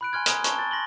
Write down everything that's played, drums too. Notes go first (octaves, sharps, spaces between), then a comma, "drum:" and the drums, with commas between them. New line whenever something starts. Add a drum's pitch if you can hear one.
B5 F#6 D7
G#5 C6 F6 G#6
G#5 A#5 C6 D#6 F6 G#6, drum: hi-hat
A5 C#6 G7, drum: hi-hat
A6
C6 A#6 F#7 G7